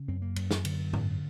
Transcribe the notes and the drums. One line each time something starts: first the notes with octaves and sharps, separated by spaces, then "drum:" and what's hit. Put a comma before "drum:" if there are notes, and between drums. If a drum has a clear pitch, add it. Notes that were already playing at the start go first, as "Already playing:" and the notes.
Already playing: C#3
F#2 C4
A#3
F#2, drum: cymbal
drum: snare
D3, drum: cymbal
F#2, drum: tom G#2